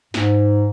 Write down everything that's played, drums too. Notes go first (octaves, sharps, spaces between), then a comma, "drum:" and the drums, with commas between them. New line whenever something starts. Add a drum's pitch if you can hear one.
G#2, drum: snare